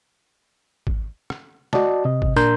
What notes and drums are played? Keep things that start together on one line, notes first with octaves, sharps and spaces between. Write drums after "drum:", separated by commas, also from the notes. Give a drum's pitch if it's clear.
drum: kick G#1
drum: rim click
F#4 D5 D#5 A5, drum: snare G#3
C3 D#5
drum: kick G#1
A#2 D4 A#4 A#5 C6 G6, drum: tambourine